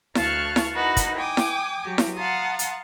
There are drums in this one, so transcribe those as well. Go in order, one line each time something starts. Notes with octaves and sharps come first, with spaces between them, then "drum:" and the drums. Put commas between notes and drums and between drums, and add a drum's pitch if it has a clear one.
D2 F5 A5 C#6 F6 F#6, drum: snare E4
drum: snare E4
D#4 E4 F#4 A#4 B4
drum: kick, hi-hat
G5 G#5 D6 D#6
drum: snare E4
F#3 G4
drum: snare E4
F5 F#5 A5 A#5 C6 D#6
drum: hi-hat